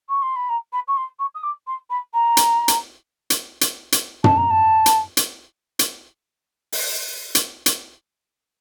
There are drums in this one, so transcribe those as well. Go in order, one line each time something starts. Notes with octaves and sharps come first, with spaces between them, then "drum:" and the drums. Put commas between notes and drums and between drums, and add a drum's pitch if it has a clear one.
C#6
C6
B5
A#5
B5
C#6
C6
C#6
D#6
D6
C6
B5
A#5
drum: hi-hat
drum: hi-hat
drum: hi-hat
drum: hi-hat
drum: hi-hat
A5, drum: tom
A#5
A5
drum: hi-hat
drum: hi-hat
drum: hi-hat
drum: open hi-hat
drum: hi-hat
drum: hi-hat